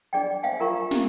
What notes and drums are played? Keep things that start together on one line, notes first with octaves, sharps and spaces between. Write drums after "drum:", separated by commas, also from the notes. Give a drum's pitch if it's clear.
D4 G#4 D5 D#5 G5
C5 E5 F5 G5 G#5
F4 A#4 A#5 C#6
G4, drum: snare